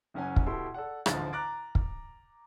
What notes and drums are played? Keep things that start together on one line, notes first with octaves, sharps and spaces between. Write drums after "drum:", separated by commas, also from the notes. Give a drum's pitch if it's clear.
F#1 F#2 C#4 F#5 G#5
drum: kick
B2 E4 G4 A4 C6
A4 D5 F#5
A1 D2 G#2 F3 A6, drum: rim click
A#5 D6 F#6 A6 D7
drum: kick